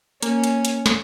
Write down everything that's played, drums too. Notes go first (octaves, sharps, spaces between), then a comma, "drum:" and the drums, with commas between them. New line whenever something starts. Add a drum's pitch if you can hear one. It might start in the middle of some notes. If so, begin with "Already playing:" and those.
A#3 C#4, drum: hi-hat
drum: hi-hat
drum: hi-hat
drum: snare